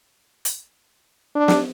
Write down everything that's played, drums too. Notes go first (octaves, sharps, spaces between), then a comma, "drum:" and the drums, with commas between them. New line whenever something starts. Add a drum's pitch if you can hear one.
drum: hi-hat
D4
drum: snare